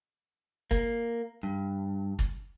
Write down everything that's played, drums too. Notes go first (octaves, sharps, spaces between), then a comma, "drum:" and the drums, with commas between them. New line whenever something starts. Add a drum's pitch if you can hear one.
A#3, drum: kick
G2
drum: kick